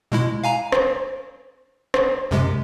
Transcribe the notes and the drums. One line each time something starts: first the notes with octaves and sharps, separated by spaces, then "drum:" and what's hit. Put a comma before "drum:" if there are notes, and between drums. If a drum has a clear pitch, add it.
B2 G#3 E4
F5 G#5 A#5
drum: rim click
drum: rim click
F#2 C3 G#3